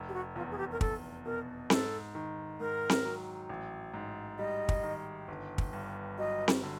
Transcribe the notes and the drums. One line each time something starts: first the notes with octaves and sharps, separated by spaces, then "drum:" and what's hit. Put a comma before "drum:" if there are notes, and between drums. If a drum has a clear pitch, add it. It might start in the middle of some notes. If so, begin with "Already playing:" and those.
Already playing: F1
G4
F#4
E2 F4
G#4
G4
A#4
F1 A4, drum: kick
B2 A#4
G#2 A4, drum: snare C4
D#3
G#2 A#4
drum: snare C4
F#3
A1
G#2
G3 D#5
drum: kick
D#3
G1
drum: kick
G2
F#3 D#5
drum: snare C4
D3